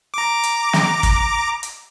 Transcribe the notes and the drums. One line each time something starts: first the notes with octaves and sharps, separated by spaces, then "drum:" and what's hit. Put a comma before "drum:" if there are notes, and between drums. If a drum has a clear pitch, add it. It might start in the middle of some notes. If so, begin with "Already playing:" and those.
A#5 D6
drum: hi-hat
drum: snare
drum: kick, hi-hat
drum: hi-hat